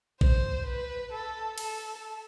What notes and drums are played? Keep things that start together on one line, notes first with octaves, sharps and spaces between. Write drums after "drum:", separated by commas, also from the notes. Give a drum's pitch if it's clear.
C5, drum: kick A#1
B4
A4
A4, drum: cymbal